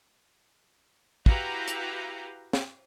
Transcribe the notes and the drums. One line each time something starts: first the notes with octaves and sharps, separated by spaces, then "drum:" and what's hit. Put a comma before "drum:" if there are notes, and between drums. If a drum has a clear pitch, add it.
E4 F#4 G4 B4 F5 A#5, drum: kick
drum: hi-hat
drum: snare